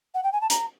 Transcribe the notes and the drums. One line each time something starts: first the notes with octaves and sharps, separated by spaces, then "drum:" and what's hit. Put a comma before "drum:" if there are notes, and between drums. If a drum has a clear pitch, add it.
F#5
G5
G#5
A5
A#5, drum: hi-hat